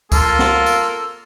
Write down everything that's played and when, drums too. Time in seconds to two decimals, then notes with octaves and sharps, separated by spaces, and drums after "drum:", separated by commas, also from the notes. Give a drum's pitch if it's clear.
0.12 A#3 F4 A4, drum: kick C#2, tambourine
0.39 drum: snare
0.66 drum: tambourine